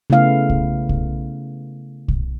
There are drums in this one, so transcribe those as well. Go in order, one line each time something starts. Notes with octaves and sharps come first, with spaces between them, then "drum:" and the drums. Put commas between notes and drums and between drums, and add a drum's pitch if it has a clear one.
C#3 A3 B3 E4 F5
drum: kick
drum: kick
drum: kick